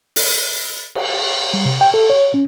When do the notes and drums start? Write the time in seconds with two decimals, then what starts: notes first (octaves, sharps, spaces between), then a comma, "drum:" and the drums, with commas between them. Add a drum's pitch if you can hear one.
0.16 drum: open hi-hat
0.95 drum: cymbal
1.54 G3
1.65 C3
1.81 G5
1.94 A4
2.10 C#5
2.34 C#4